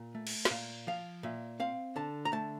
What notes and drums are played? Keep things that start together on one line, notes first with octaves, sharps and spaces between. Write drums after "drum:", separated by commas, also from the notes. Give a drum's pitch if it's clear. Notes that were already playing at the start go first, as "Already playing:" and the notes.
Already playing: A#2
A3
drum: cymbal
E5, drum: snare
A#2 F5
F3 F5
A#2 E5
C4 F5
D3 A5
A#5
A3 A5